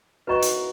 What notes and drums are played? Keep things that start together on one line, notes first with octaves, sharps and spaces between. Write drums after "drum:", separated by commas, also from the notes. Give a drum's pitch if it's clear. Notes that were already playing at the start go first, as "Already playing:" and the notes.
F#4 B4 D#5 A#5 C#6
drum: hi-hat